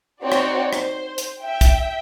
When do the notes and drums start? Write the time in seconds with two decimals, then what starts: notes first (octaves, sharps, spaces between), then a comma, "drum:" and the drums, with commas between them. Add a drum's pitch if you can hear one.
0.22 C4 D#4 F#4 C#5 D5
0.32 drum: rim click
0.73 C5, drum: rim click
1.18 drum: hi-hat
1.39 E5 G5
1.61 drum: kick, hi-hat